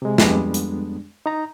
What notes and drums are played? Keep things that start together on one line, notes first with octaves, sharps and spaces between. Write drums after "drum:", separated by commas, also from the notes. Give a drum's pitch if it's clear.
C3 G#3
F2 G3 G#3 B3 D4, drum: snare
drum: hi-hat
D#4 A#5